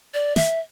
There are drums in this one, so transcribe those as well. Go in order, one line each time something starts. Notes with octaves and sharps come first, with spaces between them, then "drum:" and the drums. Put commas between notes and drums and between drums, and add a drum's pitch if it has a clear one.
D5
E5, drum: snare